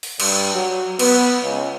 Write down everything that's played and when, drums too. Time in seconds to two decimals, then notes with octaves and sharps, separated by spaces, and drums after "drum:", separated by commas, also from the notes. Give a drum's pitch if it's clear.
0.03 drum: open hi-hat
0.20 G2, drum: cymbal
0.54 F#3
0.99 B3, drum: cymbal
1.42 C#2